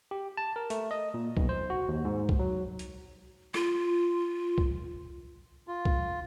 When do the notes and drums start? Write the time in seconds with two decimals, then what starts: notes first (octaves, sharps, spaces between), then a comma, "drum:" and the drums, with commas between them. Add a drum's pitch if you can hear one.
0.11 G4
0.37 A5
0.56 A#4
0.70 A3, drum: hi-hat
0.91 D#5
1.14 A#2
1.37 B1, drum: kick B1
1.49 C5
1.70 F#4
1.88 D#2
2.05 G#2
2.29 drum: kick B1
2.39 F#3
2.79 drum: hi-hat
3.54 F4, drum: rim click
4.58 drum: kick B1
5.68 F4
5.85 drum: kick B1